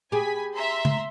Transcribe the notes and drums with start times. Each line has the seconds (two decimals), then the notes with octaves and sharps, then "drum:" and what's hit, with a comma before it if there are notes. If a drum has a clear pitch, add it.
0.12 G4 G#4 G#5 B5 B6
0.52 E5 A#5 C6
0.85 drum: tom C#3